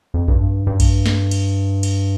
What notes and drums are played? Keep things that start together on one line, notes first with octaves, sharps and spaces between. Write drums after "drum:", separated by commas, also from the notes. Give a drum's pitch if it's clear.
F2
G2, drum: kick A#1
G2
drum: kick A#1, cymbal
drum: snare
drum: cymbal
drum: cymbal